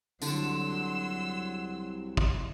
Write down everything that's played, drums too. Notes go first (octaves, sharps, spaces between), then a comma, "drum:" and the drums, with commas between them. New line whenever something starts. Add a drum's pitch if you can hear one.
C2 D3 F#3 C6 E6, drum: tambourine
drum: kick